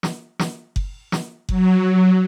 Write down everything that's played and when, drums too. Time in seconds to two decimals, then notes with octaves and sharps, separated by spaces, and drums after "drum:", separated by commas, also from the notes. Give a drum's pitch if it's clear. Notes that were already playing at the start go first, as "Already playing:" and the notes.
0.03 drum: snare
0.39 drum: snare
0.76 drum: kick F#1
1.12 drum: snare
1.49 F#3, drum: kick F#1